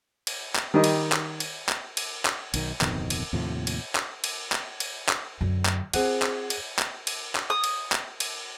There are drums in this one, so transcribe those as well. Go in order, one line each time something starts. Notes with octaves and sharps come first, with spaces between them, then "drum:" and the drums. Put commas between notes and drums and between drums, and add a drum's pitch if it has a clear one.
drum: cymbal
drum: clap
D#3 G3 D#5
drum: cymbal
drum: clap
drum: cymbal
drum: clap
drum: cymbal
drum: clap
B1 D#3, drum: cymbal
D1 F2 B2 D#3, drum: clap
drum: cymbal
D#2 A2 C3 F3
drum: cymbal
drum: clap
drum: cymbal
drum: clap
drum: cymbal
drum: clap
F#2 D3
drum: clap
C4 F4 G#4 C5 F#5, drum: cymbal
drum: clap
drum: cymbal
drum: clap
drum: cymbal
drum: clap
D#6
drum: cymbal
drum: clap
drum: cymbal